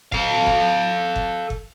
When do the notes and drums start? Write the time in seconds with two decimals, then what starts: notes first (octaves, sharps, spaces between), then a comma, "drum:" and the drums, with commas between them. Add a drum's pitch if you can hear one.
0.12 A4 F5, drum: kick F#1
0.47 drum: kick F#1
1.16 drum: kick F#1
1.50 drum: kick F#1